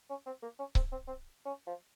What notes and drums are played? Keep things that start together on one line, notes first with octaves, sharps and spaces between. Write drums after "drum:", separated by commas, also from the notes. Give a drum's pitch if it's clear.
C#4
C4
A#3
C#4
C4, drum: kick C#1
C4
C4
C#4
F3